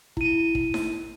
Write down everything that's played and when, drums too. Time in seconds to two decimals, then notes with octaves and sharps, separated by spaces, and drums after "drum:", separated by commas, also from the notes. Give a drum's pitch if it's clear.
0.17 E4 D#7, drum: kick
0.55 drum: kick
0.74 drum: snare D#4